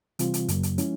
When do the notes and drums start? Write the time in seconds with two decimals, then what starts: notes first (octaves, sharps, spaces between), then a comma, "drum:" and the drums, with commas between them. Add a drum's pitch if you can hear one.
0.19 C3 E3 G3 C4 F4, drum: hi-hat
0.34 drum: hi-hat
0.48 F#2 C#3 F#3 A#3, drum: hi-hat
0.63 drum: hi-hat
0.78 F3 G#3 C#4 E4, drum: hi-hat